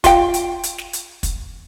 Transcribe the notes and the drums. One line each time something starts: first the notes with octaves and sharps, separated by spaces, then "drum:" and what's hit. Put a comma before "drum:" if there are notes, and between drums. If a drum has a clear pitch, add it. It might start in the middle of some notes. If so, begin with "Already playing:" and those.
F4 F5 G5, drum: kick, hi-hat
drum: hi-hat
drum: hi-hat
drum: snare
drum: hi-hat
drum: kick, hi-hat